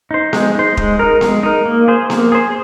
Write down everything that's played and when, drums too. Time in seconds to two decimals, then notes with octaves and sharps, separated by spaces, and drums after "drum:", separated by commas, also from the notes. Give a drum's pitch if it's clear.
0.11 D#4 C5
0.33 G#3, drum: snare B3
0.55 D#4 C5
0.77 G#3, drum: kick D#1
0.99 D#4 A#4
1.21 G#3, drum: snare B3
1.43 D#4 A#4
1.65 A#3
1.88 G#4 C5
2.10 A#3, drum: snare B3
2.32 G#4 C5